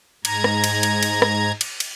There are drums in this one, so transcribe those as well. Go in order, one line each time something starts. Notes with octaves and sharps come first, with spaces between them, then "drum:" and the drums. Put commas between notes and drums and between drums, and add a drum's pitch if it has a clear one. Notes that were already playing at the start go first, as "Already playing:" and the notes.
G#2 A#5 G#6, drum: cymbal
drum: rim click
drum: cymbal
drum: cymbal
drum: cymbal
drum: rim click
drum: cymbal
drum: cymbal